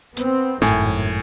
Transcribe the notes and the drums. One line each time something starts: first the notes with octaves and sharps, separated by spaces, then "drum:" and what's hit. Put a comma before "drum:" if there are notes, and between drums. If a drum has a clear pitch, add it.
B3 C4, drum: hi-hat
G#1 F#2 A2 G#5, drum: snare